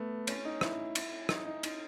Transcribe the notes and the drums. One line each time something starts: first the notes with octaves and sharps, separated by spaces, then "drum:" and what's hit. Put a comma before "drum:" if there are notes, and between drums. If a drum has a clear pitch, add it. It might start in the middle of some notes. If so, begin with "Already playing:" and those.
Already playing: A3 B3
C#4, drum: cymbal
D#4
E4, drum: rim click
drum: cymbal
D#4, drum: rim click
D#4
D#4, drum: cymbal